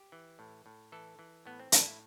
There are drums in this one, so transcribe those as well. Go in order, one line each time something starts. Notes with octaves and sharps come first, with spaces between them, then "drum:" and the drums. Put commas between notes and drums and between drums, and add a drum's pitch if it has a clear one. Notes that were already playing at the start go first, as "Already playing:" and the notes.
Already playing: G4
E3
A2
A2
E3 A4
E3
A2 B3
C4
A2 D4, drum: hi-hat
E4